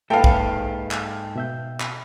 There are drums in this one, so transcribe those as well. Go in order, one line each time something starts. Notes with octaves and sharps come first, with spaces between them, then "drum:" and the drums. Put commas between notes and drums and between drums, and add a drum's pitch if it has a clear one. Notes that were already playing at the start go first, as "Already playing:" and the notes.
G#2 A4 B4 E5 F5 G5
drum: kick
drum: clap
B2 E5 G6
drum: clap